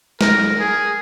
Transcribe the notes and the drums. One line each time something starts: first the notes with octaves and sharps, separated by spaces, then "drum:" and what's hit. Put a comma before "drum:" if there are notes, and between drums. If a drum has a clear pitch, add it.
A#4, drum: snare
G#4